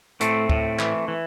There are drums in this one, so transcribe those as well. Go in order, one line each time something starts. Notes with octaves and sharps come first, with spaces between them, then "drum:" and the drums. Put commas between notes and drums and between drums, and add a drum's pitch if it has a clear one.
A2 A3 C4, drum: hi-hat
A2, drum: kick
E3, drum: clap
E3